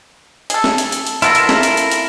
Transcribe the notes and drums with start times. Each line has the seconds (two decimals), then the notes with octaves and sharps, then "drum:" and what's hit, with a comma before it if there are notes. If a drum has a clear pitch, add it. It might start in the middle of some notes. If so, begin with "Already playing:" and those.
0.50 G#4 A4, drum: hi-hat
0.64 drum: snare
0.78 drum: hi-hat
0.92 drum: hi-hat
1.07 drum: hi-hat
1.22 B2 B3 E4 F4 A4 A#4, drum: hi-hat
1.35 drum: hi-hat
1.49 drum: snare
1.63 drum: hi-hat
1.77 drum: hi-hat
1.91 drum: hi-hat